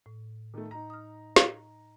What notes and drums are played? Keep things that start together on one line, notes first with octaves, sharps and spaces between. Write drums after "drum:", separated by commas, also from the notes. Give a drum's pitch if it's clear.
A2
D#3 A3
D#4 A#5
D#6 F6
drum: snare